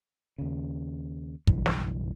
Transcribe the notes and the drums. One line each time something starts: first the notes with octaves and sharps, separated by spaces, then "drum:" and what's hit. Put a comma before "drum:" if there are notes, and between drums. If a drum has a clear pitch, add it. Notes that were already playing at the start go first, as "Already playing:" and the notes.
D#2 C#3
F#1 B1 G2 E3, drum: kick
drum: snare